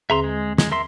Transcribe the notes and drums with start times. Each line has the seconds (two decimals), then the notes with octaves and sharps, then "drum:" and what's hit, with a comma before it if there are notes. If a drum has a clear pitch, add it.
0.10 D#2 D3 G#4 E5 A#5 C6
0.24 G#3
0.58 G#3, drum: snare
0.71 A#4 E5 C6